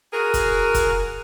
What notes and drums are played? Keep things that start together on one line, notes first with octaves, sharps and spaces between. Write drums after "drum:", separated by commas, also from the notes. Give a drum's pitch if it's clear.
F#4 G#4 A#4
drum: kick, hi-hat
drum: kick, hi-hat